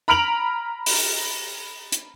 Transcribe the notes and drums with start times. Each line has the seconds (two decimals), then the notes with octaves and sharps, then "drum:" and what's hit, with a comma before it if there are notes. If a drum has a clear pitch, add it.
0.08 A#5 B5 F6 D7 F7 F#7
0.86 drum: open hi-hat
1.92 drum: hi-hat